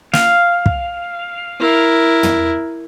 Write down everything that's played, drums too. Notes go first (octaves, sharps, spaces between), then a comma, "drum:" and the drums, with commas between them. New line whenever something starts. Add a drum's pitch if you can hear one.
F5, drum: snare
drum: kick
E4 A#4
drum: tom